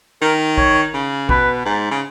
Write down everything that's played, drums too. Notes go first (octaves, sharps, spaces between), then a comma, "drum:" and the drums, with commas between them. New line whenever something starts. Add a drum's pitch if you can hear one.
D#3 A#4
C#5, drum: kick
C#3
B2 B4, drum: kick
G#2
C#3